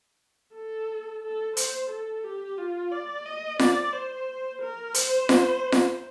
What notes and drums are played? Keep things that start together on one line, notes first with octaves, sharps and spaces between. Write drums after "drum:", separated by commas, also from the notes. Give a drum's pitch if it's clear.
A4
A4
C5, drum: hi-hat
A4
G4
F4
D5
D#5
D5, drum: snare F4
C5
A#4
C5, drum: hi-hat
drum: snare F4
drum: snare F4